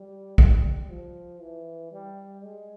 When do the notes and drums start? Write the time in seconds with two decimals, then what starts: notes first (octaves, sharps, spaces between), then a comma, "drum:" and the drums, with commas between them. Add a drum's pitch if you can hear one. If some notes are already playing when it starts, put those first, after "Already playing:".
Already playing: G3
0.38 G3, drum: kick
0.89 F3
1.41 E3
1.92 G3
2.44 G#3